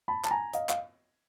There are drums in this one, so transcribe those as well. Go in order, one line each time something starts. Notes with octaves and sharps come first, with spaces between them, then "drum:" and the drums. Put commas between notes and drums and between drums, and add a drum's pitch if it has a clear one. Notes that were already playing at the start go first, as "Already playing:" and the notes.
A5 B5
A5, drum: clap
G#5 A#5
D#5 F5, drum: hi-hat
F5, drum: clap